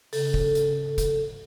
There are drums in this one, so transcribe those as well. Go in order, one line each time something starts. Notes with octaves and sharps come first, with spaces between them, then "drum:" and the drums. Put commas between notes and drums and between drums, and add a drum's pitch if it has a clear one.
C#3 A4, drum: open hi-hat
drum: kick
drum: hi-hat
drum: kick, hi-hat